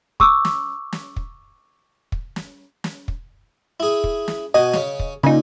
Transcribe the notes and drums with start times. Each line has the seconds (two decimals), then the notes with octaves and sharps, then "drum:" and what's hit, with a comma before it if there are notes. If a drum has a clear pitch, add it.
0.20 C#6 D6 E6, drum: kick
0.45 drum: snare
0.93 drum: snare
1.16 drum: kick
2.12 drum: kick
2.36 drum: snare
2.84 drum: snare
3.08 drum: kick
3.80 E4 G#4
4.04 drum: kick
4.28 drum: snare
4.54 B2 F#4 D#5 G#5
4.73 C#3 C#4, drum: snare
4.99 drum: kick
5.24 A#2 C#3 D#4